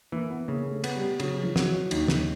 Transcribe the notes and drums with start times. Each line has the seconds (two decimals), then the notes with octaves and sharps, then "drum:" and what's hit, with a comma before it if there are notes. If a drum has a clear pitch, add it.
0.12 E3 A#3
0.30 B3
0.48 C#3 A#3
0.71 A3
0.84 B3, drum: cymbal
0.95 G3
1.20 C#3 F#3, drum: cymbal
1.43 F3
1.56 F#3, drum: snare
1.67 E3
1.91 D#2 D#3, drum: cymbal
2.08 C#3, drum: snare